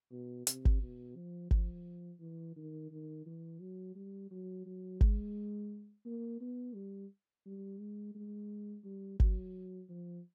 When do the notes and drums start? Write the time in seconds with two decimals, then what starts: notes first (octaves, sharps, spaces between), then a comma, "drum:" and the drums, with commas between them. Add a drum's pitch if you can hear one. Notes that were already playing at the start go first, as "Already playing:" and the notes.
0.12 B2
0.47 C3, drum: hi-hat
0.65 drum: kick G#1
0.82 B2
1.16 F3
1.51 F3, drum: kick G#1
2.20 E3
2.56 D#3
2.91 D#3
3.26 E3
3.60 F#3
3.95 G3
4.31 F#3
4.66 F#3
5.01 G#3, drum: kick G#1
6.05 A#3
6.41 B3
6.75 G3
7.46 G3
7.80 G#3
8.15 G#3
8.84 G3
9.20 F#3, drum: kick G#1
9.89 F3